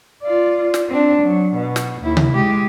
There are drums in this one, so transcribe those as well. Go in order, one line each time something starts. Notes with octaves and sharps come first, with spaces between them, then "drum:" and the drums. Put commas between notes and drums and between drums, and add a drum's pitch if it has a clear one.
F4 D5
drum: snare
C4 D4
F#3
B2
drum: snare
D#2 E4
drum: tom C3
G#3 G4